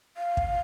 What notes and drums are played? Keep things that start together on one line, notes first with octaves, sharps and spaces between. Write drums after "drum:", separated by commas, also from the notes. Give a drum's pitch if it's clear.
F5
drum: kick